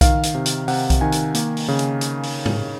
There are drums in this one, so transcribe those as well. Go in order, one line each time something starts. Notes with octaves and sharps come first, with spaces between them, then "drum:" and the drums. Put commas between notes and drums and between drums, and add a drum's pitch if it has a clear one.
D#3 F5, drum: kick B1, hi-hat
drum: hi-hat
C3
drum: hi-hat
C3 F#5, drum: open hi-hat
drum: kick B1, hi-hat
D#3 G#5
drum: hi-hat
A#3, drum: hi-hat
drum: open hi-hat
C#3
drum: hi-hat
drum: hi-hat
drum: open hi-hat
drum: tom G#2